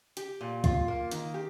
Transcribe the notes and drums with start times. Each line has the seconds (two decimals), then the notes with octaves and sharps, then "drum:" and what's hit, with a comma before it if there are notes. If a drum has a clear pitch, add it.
0.17 G4, drum: hi-hat
0.41 A#2
0.64 F4, drum: kick, hi-hat
0.88 A#3
1.11 D#3, drum: hi-hat
1.34 G4